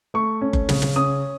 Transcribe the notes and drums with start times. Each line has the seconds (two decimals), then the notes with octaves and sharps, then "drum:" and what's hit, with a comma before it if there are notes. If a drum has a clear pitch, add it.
0.14 A3 C#6
0.42 C#4
0.53 drum: kick F#1
0.69 C#3, drum: snare
0.82 drum: snare
0.96 C#4 D#6